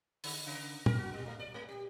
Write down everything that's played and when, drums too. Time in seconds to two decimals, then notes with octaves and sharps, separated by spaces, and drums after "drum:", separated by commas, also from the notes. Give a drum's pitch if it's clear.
0.24 D3, drum: open hi-hat
0.46 C#3
0.86 A#4, drum: tom
0.98 F#4
1.13 G3
1.26 A3
1.40 D5
1.54 G#3
1.69 G4